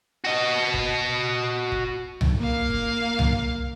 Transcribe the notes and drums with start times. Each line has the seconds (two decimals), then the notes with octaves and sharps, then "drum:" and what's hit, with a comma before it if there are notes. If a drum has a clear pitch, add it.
0.25 F#4 D#5
0.74 drum: kick
1.72 drum: kick
2.21 drum: tom C2
2.38 A#3 F5
2.70 drum: kick
3.19 drum: tom C2